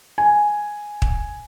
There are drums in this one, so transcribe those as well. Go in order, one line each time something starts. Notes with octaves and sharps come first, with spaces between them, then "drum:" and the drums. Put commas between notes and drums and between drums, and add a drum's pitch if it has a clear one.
G#5
drum: kick